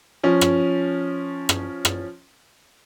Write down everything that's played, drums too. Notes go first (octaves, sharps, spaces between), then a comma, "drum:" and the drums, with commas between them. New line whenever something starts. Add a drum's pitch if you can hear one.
F3 C#4
drum: rim click
drum: rim click
drum: rim click